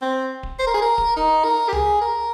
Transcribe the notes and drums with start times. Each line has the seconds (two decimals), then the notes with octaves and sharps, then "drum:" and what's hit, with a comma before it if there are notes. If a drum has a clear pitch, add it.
0.02 C4
0.43 drum: kick D1
0.59 C5
0.67 A#4
0.74 G#4
0.82 A#4
0.98 drum: kick D1
1.17 D#4
1.45 A#4
1.68 G4
1.72 G#4, drum: tom C#2
2.02 A#4